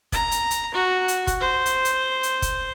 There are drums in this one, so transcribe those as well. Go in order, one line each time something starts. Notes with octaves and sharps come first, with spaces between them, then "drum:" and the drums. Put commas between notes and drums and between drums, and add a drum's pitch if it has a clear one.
A#5, drum: kick, hi-hat
drum: hi-hat
drum: hi-hat
F#4
drum: hi-hat
drum: kick, hi-hat
C5
drum: hi-hat
drum: hi-hat
drum: hi-hat
drum: kick, hi-hat